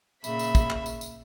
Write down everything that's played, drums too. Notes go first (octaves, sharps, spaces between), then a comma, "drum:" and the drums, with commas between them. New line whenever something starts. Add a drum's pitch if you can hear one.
A#2 C#3 E5 B5, drum: tambourine
drum: tambourine
drum: kick, tambourine
drum: clap
drum: tambourine
drum: tambourine